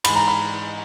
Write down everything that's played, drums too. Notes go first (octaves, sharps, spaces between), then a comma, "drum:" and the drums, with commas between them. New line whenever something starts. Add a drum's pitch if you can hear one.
G#2 E3 G#3 B5, drum: cymbal
A#5
B5